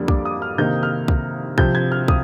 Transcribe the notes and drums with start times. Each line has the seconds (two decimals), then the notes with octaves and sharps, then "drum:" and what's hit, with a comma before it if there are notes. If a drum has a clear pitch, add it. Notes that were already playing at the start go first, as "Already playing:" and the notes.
Already playing: F2 D3 G3 A#3 D4
0.08 D6, drum: kick
0.25 D#6
0.42 F6
0.58 C3 D#3 A#3 D#4 G6
0.83 F6
1.08 drum: kick
1.58 C3 F3 C4 G6, drum: kick
1.75 G#6
1.92 F6
2.08 D#6, drum: kick